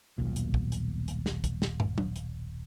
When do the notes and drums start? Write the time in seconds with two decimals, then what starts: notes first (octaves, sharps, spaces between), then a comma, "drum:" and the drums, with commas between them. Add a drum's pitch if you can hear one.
0.18 D#1 B1 A#2
0.36 drum: hi-hat
0.54 drum: kick
0.72 drum: hi-hat
1.08 drum: hi-hat
1.26 drum: snare
1.44 drum: kick, hi-hat
1.62 drum: snare
1.80 drum: tom
1.98 drum: tom F#3
2.16 drum: hi-hat